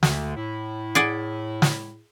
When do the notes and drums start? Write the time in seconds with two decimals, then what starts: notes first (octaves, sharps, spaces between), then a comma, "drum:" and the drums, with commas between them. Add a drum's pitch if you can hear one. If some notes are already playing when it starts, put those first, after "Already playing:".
0.03 D2 D3, drum: snare
0.36 A2 E4
0.95 G#4 D5 F#5
1.62 drum: snare